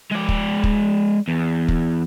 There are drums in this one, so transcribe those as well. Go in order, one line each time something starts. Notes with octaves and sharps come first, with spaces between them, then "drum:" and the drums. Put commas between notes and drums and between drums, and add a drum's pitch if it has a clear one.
G#3 D5
drum: kick
drum: kick
E2
drum: kick